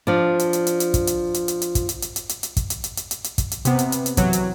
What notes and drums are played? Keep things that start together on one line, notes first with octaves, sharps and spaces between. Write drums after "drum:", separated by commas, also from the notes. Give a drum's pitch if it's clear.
F3 D4
drum: hi-hat
drum: hi-hat
drum: hi-hat
drum: hi-hat
drum: kick, hi-hat
drum: hi-hat
drum: hi-hat
drum: hi-hat
drum: hi-hat
drum: kick, hi-hat
drum: hi-hat
drum: hi-hat
drum: hi-hat
drum: hi-hat
drum: hi-hat
drum: kick, hi-hat
drum: hi-hat
drum: hi-hat
drum: hi-hat
drum: hi-hat
drum: hi-hat
drum: kick, hi-hat
drum: hi-hat
C3 B3, drum: hi-hat
drum: hi-hat
drum: hi-hat
drum: hi-hat
C3 E3 F#3, drum: kick, hi-hat
drum: hi-hat